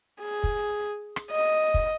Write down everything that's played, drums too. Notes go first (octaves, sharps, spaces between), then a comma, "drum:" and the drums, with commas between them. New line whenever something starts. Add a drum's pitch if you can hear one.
G#4
drum: kick
drum: rim click
D#5
drum: kick